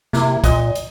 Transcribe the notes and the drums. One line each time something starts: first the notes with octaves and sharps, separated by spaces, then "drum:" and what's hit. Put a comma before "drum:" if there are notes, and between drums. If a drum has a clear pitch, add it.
C3 A#3 E4, drum: snare
A#2 D#5, drum: kick, hi-hat
drum: hi-hat